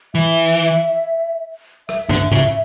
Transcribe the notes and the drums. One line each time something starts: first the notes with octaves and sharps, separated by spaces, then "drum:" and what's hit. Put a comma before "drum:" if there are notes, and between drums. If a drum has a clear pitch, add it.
E3 E5
E5, drum: rim click
D3, drum: tom
C#3, drum: tom G#2